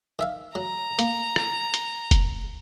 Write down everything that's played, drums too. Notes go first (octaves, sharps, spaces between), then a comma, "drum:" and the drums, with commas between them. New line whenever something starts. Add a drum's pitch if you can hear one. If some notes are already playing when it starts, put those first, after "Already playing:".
D#3 E5 F5
F#3 A#5
A#3, drum: hi-hat
drum: rim click
drum: hi-hat
drum: kick F1, hi-hat